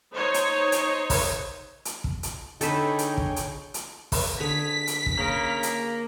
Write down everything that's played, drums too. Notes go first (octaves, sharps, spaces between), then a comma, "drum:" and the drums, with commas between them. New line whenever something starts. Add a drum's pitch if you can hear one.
D#4 C5 C#5
drum: hi-hat
drum: hi-hat
drum: kick, open hi-hat
drum: hi-hat
drum: kick
drum: hi-hat
D3 D#4 G#4 A4 B4 C#5 G5, drum: hi-hat
drum: hi-hat
drum: kick
drum: hi-hat
drum: hi-hat
drum: kick, open hi-hat
D3 G#4 A#5 B6
drum: hi-hat
drum: kick
C#3 A#3 A#4
drum: hi-hat